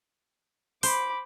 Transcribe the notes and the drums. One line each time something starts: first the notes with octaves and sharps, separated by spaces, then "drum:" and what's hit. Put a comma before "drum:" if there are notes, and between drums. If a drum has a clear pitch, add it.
C5 B5 D6, drum: open hi-hat